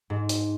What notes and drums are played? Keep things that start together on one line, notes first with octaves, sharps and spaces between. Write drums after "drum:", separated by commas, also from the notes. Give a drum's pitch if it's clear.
G#2
drum: hi-hat